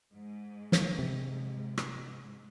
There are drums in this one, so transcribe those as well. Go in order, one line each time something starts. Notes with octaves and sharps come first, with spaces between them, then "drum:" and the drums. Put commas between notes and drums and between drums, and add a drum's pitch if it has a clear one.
G#2
drum: snare
C3
drum: rim click